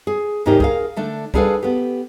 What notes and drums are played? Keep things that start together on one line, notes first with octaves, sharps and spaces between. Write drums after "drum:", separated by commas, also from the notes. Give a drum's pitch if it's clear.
G#4
D#2 G#2 C3 D#4 G4 A#4
G#4 A#4 F5, drum: kick C2
D3 A3 D4
G3 D4 G#4 A4 B4 F5, drum: kick C2
B3 G4